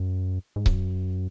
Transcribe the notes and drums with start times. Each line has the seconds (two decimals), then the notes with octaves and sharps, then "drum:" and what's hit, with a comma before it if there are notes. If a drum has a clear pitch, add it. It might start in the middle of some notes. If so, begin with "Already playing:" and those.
Already playing: F#2
0.56 G#2
0.66 F#2, drum: kick C#1